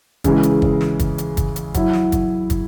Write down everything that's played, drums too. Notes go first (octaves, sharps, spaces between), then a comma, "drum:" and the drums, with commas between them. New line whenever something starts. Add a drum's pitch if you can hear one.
C#3 E3 G#3, drum: kick, hi-hat
drum: hi-hat
drum: kick
drum: snare
drum: kick, hi-hat
drum: hi-hat
drum: kick, hi-hat
drum: hi-hat
F#3 E4, drum: kick, hi-hat
drum: snare
drum: kick, hi-hat
drum: kick, hi-hat